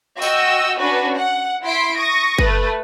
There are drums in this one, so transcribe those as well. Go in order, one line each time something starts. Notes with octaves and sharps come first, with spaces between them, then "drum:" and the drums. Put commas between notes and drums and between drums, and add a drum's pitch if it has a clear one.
F#4 D#5 G5 E6, drum: tambourine
C#4 D4 F#4 B4
F#5
E4 C6 B6 C7 D7
C#6 D#6 A#6
A3 B4, drum: kick